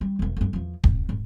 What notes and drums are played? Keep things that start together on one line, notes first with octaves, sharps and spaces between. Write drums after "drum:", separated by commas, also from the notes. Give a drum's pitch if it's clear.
G3
E1 D3
D2 G2
E2 F3
C3, drum: kick
G#2